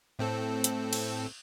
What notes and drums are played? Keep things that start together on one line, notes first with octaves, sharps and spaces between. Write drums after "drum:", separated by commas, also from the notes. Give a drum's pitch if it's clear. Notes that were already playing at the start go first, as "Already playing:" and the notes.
A2 C4 A4
drum: hi-hat
drum: cymbal